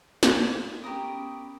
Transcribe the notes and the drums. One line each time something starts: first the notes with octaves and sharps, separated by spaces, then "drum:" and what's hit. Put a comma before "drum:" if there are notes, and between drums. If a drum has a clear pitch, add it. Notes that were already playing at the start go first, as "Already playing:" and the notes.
drum: snare
B3 C#4 G4 A#4 D#6